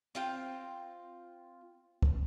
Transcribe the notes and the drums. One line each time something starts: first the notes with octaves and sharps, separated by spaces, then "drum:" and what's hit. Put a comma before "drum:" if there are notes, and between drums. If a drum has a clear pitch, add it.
C4 F4 G5
drum: kick